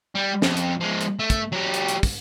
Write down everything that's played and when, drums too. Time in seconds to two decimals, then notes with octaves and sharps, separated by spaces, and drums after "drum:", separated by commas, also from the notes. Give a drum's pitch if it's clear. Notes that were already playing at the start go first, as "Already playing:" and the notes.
0.15 G3
0.42 F2, drum: snare
0.57 drum: hi-hat
0.80 F3 G#3
1.01 drum: hi-hat
1.19 A3
1.30 drum: kick, hi-hat
1.53 F#3 G4
1.74 drum: hi-hat
1.88 drum: hi-hat
2.03 drum: kick, open hi-hat